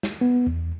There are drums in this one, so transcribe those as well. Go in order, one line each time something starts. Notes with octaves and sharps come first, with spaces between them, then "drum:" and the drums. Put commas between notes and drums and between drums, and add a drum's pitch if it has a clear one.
drum: snare
B3
E2